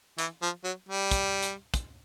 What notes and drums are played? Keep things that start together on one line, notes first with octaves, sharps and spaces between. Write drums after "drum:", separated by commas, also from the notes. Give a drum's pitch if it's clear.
E3, drum: hi-hat
F3
F#3
G3
drum: kick, hi-hat
drum: hi-hat
drum: kick, hi-hat